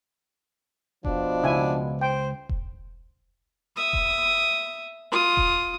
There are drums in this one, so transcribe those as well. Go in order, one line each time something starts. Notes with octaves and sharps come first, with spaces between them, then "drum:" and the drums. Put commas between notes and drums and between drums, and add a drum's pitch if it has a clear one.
B2 F3 D4, drum: kick E1
C#2 E4 G#5
C5 G5
drum: kick E1
E5 D#6
drum: kick E1
F4 D#6
drum: kick E1